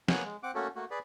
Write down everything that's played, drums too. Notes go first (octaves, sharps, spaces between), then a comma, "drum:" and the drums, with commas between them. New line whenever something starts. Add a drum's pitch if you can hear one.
A#3 B3 C#5 G#5 F6 F#6, drum: snare
G#3
C4 F#5 D6
A3 A#3 C#4 F#4 A4
A3 A#3 F#4
G#4 B4 D5